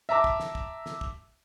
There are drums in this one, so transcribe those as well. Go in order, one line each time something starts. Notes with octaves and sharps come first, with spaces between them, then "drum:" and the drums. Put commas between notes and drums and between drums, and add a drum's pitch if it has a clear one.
E5 A5 A#5 D6
drum: kick
drum: snare
drum: kick
drum: snare
drum: kick